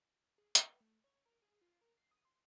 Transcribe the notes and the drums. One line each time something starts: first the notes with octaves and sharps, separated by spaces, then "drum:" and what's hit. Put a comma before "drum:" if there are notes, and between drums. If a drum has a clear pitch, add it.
G#4
B4, drum: hi-hat
A3
C#5
A#4
G#4
F4
A#4
C7
D#6
C6